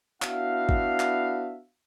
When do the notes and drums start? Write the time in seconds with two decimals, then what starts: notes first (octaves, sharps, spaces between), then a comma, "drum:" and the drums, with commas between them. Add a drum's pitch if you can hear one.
0.22 B3 D4 E4 F#4 E5 F5, drum: clap
0.69 drum: kick
1.00 drum: clap